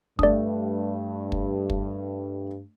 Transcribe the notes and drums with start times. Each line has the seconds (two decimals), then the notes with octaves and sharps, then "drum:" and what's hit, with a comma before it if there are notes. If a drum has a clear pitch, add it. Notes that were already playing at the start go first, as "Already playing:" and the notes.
0.19 G2 A3 D4 D5 D#6, drum: kick
1.32 drum: kick
1.70 drum: kick